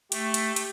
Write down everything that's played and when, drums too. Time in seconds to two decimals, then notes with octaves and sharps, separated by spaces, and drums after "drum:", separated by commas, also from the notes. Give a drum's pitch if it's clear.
0.12 A3 G4, drum: hi-hat
0.34 drum: hi-hat
0.56 drum: hi-hat